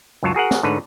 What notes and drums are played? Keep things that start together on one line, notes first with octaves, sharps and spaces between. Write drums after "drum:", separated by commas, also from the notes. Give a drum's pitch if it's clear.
C#2 F#2 F#3 F4 C#5 A5
F#4 G#4 A#4 F#5
drum: snare
G#2 D3 D#4 B4 C#5 A5